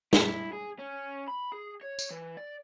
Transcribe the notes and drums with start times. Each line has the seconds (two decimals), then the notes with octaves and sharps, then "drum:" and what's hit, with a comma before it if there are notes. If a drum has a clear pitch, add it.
0.13 E4, drum: snare
0.53 G#4
0.79 C#4
1.28 B5
1.52 G#4
1.81 C#5
1.99 drum: tambourine
2.10 E3
2.37 D5